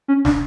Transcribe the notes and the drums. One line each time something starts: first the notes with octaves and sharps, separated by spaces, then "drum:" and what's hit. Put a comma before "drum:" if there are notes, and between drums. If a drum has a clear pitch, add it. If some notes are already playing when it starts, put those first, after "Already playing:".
C#4
D4, drum: snare